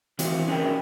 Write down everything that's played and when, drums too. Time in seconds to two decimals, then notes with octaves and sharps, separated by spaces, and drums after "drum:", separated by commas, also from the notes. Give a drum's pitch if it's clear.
0.19 E3 C4 F#4 C5, drum: hi-hat
0.48 C#4 F#4 G#4 A#4 B4 G5